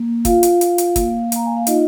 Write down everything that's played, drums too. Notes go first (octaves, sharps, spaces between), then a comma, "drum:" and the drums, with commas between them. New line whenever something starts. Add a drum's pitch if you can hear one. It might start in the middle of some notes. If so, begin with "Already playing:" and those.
Already playing: A#3
F4 F5, drum: kick, hi-hat
drum: hi-hat
F4, drum: hi-hat
drum: hi-hat
A#3, drum: kick, hi-hat
A#3 A#5, drum: hi-hat
G#5
F5
D#4 F4 D#5, drum: hi-hat